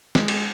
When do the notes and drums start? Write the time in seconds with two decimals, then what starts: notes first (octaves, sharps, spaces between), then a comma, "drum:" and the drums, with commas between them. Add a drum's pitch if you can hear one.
0.15 G#3, drum: snare
0.28 drum: cymbal